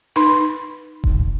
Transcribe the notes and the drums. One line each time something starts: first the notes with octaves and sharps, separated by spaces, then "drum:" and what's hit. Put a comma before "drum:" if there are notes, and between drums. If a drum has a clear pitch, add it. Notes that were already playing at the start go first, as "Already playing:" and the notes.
D#4 B4 B5 C6
drum: kick E1